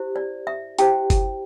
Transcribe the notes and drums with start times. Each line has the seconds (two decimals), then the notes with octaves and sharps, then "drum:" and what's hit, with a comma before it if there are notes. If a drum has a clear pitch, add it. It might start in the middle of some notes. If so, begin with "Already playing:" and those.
Already playing: E4 G4 C5
0.16 D5
0.47 E5
0.78 E4 G4 C5 G5, drum: hi-hat
1.10 drum: kick G1, hi-hat